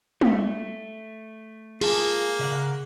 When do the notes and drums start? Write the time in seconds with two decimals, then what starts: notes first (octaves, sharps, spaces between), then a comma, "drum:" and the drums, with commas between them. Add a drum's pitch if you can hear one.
0.21 A3, drum: tom
1.81 A#3 F4 G#4 F5 A5, drum: cymbal
2.39 C#3 D#5 F#5